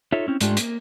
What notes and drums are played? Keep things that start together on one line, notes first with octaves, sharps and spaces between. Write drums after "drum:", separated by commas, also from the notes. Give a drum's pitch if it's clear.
D#4 F4 A4 C#5 E5
C4 C#4 E4
G#2 G#3 A3 D4 F4 G4, drum: hi-hat
A#3, drum: hi-hat